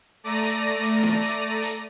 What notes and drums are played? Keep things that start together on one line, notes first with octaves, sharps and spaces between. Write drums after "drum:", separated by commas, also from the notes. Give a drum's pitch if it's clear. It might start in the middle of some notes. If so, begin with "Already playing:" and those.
A3 D5 A#5 A#6 D#7
drum: hi-hat
drum: hi-hat
drum: snare
drum: hi-hat
drum: hi-hat